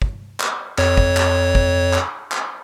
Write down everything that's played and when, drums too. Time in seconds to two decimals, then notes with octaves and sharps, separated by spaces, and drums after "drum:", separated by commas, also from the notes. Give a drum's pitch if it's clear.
0.02 drum: kick
0.40 drum: clap
0.78 F2 C#5, drum: clap
0.97 drum: kick
1.17 drum: clap
1.55 drum: kick
1.93 drum: clap
2.32 drum: clap